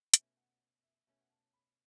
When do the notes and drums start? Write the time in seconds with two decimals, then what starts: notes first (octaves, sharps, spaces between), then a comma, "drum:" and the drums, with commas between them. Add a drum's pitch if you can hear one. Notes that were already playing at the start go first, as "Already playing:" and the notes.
0.14 B2 A3 C#4 E5, drum: hi-hat
0.37 F#5
0.83 E5
1.07 B2 A3 C#4 E5
1.21 F#5
1.30 A5
1.53 B5